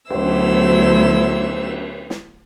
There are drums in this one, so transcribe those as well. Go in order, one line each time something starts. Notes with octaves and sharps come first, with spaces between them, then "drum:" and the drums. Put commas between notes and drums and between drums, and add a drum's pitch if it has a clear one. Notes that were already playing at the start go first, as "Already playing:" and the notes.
D2 F#3 B3 E4 C5 E6, drum: cymbal
drum: snare